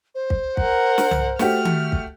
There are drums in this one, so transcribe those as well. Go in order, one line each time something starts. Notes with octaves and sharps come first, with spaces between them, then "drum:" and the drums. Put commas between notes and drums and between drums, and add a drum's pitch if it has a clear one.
C5
drum: kick
A#4 F#5, drum: kick
drum: snare
drum: tom C2
A3 F#4 G4 F6, drum: snare
drum: tom D#3
drum: kick